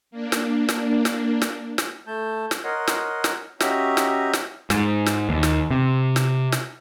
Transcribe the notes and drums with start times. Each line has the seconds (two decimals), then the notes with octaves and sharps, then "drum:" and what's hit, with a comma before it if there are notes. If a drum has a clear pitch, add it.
0.11 A#3 D4
0.32 drum: snare
0.69 drum: snare
1.05 drum: snare
1.42 drum: snare
1.78 drum: snare
2.07 A3 A5 G6
2.51 drum: snare
2.64 A#4 C#5 D#5 F#5 C6
2.87 drum: snare
3.24 drum: snare
3.60 C#4 F#4 G4 D#5 E5 A#5, drum: snare
3.97 drum: snare
4.33 drum: snare
4.70 G#2, drum: snare
5.06 drum: snare
5.29 D#2
5.43 drum: snare
5.71 C3
6.16 drum: snare
6.52 drum: snare